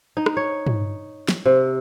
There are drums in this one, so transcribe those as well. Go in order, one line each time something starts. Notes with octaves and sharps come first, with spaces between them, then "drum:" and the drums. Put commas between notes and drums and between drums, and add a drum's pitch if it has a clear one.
D#4
drum: rim click
C#5
drum: tom
drum: snare
C3